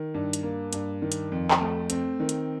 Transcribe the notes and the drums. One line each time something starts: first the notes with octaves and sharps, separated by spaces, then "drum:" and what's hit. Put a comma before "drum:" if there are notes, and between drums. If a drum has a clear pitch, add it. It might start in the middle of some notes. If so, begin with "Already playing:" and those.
Already playing: D#3
G2
drum: hi-hat
A#3
G2, drum: hi-hat
D#3
drum: hi-hat
F2
drum: clap
A3
C4, drum: hi-hat
D#3
drum: hi-hat